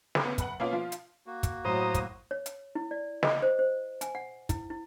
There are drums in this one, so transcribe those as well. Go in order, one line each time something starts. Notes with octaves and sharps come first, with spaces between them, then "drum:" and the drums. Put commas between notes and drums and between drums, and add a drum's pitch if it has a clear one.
drum: snare
C#3 B3
F#1 B4 F#5 F#7, drum: kick, hi-hat
B2 A#3 B3 C#4 F4
F3 F4
drum: hi-hat
A#3 F#4
drum: kick, hi-hat
A2 F#3 C5 A#5 D#6
drum: kick, hi-hat
C#5
drum: hi-hat
E4
D5
D#5, drum: snare
C5
C5
G#5, drum: hi-hat
F#5
E4, drum: kick, hi-hat
E4